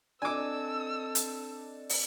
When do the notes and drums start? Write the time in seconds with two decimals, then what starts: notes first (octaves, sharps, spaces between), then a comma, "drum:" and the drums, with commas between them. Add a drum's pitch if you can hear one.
0.22 C4 D4 A4 D#5 G#5 D6 E6
1.15 drum: hi-hat
1.89 drum: open hi-hat